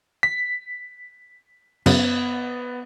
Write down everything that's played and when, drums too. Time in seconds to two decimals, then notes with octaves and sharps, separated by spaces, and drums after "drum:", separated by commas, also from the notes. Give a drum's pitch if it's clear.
0.23 B6
1.86 F#2 C#3 B3, drum: cymbal